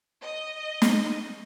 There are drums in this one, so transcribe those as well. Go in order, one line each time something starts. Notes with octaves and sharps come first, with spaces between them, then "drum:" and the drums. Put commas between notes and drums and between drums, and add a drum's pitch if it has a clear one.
D#5
drum: snare